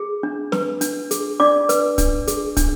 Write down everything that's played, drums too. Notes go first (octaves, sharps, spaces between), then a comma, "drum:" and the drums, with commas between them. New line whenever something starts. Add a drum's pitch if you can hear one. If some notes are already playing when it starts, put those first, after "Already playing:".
Already playing: G#4
D4
B4, drum: snare
D4, drum: hi-hat
G#4, drum: hi-hat
D4 D5 D6
B4, drum: hi-hat
D4, drum: kick, hi-hat
G#4, drum: hi-hat
D4, drum: kick, hi-hat